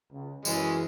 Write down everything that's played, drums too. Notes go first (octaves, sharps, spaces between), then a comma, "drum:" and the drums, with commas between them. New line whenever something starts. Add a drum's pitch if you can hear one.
C#2
F#2 E3 G#3 C#4, drum: tambourine